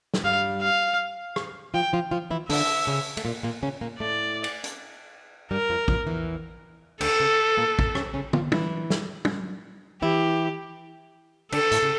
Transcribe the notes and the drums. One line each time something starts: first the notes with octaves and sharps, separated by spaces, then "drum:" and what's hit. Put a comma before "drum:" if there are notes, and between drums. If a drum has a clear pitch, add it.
drum: snare
G2 G3 F5
F5
drum: rim click
F3 F4 G5
F3 F4
F3 F4
E3 E4
D3 D4 E5, drum: open hi-hat
C#3 C#4
A3, drum: cymbal
A#2 A#3
A#2 A#3
C#3 C#4
A#2 A#3
A2 A3 D5
drum: cymbal
drum: hi-hat
G2 G3 A#4
F2 F3
F2 F3, drum: kick
E2 E3
D2 D3 A4, drum: cymbal
C#3
A#2 A#3
drum: kick
C#3 C#4, drum: rim click
C#3 C#4
F3 F4, drum: tom
E3 E4, drum: tom
drum: snare
drum: tom
E3 E4 G4
D3 D4 A4, drum: cymbal
A2 A3, drum: hi-hat
C#3